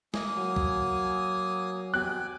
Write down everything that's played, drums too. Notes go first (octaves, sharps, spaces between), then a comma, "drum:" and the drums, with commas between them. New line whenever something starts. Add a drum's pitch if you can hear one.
A#3 G#5 D#6, drum: snare
F#3
drum: kick B1
G5 G#5 D6 F#6